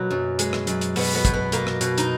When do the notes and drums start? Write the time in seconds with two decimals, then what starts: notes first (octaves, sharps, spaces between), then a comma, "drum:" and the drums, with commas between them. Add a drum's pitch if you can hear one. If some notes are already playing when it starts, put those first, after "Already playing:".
Already playing: B2 F#3 A#3
0.10 F#2
0.39 G#3, drum: hi-hat
0.53 drum: rim click
0.67 F#2, drum: hi-hat
0.81 drum: hi-hat
0.96 B2 B3, drum: open hi-hat
1.15 B3
1.25 B2, drum: kick, hi-hat
1.34 B3
1.52 B2 A#3, drum: hi-hat
1.67 drum: rim click
1.81 B2, drum: hi-hat
1.98 D#4, drum: hi-hat